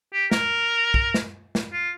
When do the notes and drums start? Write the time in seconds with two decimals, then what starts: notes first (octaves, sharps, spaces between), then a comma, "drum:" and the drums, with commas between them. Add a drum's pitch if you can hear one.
0.13 G4
0.31 A#4, drum: snare
0.94 drum: kick
1.14 drum: snare
1.55 drum: snare
1.73 F4